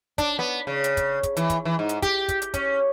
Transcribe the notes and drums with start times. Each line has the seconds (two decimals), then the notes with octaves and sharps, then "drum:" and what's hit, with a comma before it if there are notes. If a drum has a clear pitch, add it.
0.18 D4, drum: kick, hi-hat
0.39 B3
0.67 C#3
0.84 drum: hi-hat
0.97 drum: kick, hi-hat
1.23 drum: kick, hi-hat
1.37 E3, drum: hi-hat
1.50 drum: kick, hi-hat
1.65 E3
1.79 G#2
1.89 drum: hi-hat
2.02 G4, drum: kick, hi-hat
2.28 drum: kick, hi-hat
2.42 drum: hi-hat
2.54 C#4, drum: kick, hi-hat